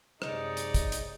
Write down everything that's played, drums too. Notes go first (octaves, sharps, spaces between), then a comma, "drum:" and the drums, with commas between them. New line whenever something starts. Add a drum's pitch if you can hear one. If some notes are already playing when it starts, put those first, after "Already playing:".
F#2 C3 G#3 D#4 C#5 D5, drum: rim click
drum: hi-hat
drum: kick, hi-hat
drum: hi-hat